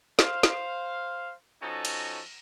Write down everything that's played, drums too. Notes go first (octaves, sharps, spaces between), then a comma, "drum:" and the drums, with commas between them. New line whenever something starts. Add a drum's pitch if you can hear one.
C5 F5, drum: snare
drum: snare
F3 C#4 D#4 F#4 A4
drum: cymbal